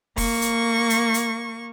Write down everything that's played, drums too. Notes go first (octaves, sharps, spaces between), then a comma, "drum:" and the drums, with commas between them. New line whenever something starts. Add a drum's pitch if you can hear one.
A#3 C#6, drum: kick, open hi-hat
drum: hi-hat
drum: hi-hat
drum: hi-hat